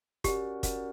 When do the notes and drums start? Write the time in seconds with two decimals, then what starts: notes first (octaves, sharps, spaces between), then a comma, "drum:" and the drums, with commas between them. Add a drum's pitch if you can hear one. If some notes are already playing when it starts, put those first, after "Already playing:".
0.24 C#4 F#4 G4 A#4 D5 F#5, drum: kick, hi-hat
0.63 C#4 F#4 A#4 D5 F#5, drum: kick, hi-hat